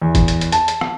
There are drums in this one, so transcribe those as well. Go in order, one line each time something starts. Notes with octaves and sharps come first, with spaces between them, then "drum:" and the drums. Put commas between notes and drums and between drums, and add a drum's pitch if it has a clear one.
E2
drum: kick, hi-hat
drum: hi-hat
drum: hi-hat
A5, drum: hi-hat
drum: hi-hat
drum: rim click